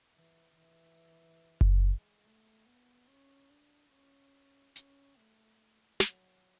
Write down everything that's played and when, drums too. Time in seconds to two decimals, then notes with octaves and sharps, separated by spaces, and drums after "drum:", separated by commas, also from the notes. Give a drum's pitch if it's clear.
0.15 E3
0.57 E3
1.61 drum: kick F#1
1.83 G#3
2.24 A3
2.65 B3
3.07 C#4
3.49 D4
3.91 C#4
4.76 C#4, drum: hi-hat
5.17 A3
6.00 F#3, drum: snare